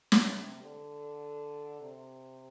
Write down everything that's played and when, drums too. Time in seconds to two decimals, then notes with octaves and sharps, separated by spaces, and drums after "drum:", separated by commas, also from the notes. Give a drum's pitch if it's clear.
0.12 drum: snare
0.23 C3
0.62 D3
1.81 C3